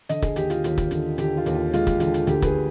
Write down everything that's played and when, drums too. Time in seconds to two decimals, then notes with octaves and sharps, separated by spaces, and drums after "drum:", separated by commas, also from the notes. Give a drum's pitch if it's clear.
0.09 D3 D#5, drum: hi-hat
0.22 G#4, drum: kick, hi-hat
0.36 D#2 G4, drum: hi-hat
0.50 F4, drum: hi-hat
0.64 D#2 F4, drum: hi-hat
0.78 drum: kick, hi-hat
0.91 D3, drum: hi-hat
1.18 D3 G4, drum: hi-hat
1.37 F4
1.46 D#2, drum: hi-hat
1.55 F4
1.73 G#3 F4, drum: hi-hat
1.87 drum: kick, hi-hat
2.00 D3 F4, drum: hi-hat
2.14 drum: hi-hat
2.27 D2 G4, drum: hi-hat
2.42 B4, drum: kick, hi-hat
2.46 G#4